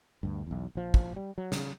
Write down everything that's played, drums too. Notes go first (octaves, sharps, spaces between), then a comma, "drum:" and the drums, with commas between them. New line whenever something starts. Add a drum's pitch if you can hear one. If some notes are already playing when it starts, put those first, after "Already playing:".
D2 G2
B1 E2
A#1 F3
drum: kick
G3
F#3
C#3, drum: snare